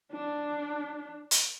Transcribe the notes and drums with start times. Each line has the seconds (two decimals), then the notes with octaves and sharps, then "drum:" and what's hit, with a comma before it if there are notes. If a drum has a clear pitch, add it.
0.12 D4
1.31 drum: hi-hat